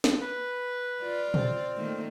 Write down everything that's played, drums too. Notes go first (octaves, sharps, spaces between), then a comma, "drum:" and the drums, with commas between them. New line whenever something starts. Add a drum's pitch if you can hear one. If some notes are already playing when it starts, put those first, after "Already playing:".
drum: snare
B4
F4 D5
C4, drum: tom A#2
D#3 A3 A#3